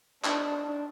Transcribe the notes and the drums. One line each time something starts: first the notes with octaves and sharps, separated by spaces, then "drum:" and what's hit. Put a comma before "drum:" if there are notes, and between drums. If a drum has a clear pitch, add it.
D4, drum: clap